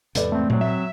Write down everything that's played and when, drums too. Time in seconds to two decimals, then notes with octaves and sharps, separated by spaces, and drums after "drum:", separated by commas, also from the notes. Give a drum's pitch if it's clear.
0.15 E2 G#2 C3 A4 B4 D5, drum: hi-hat
0.32 A3 C4
0.50 F#3 C4, drum: tom A#2
0.61 E5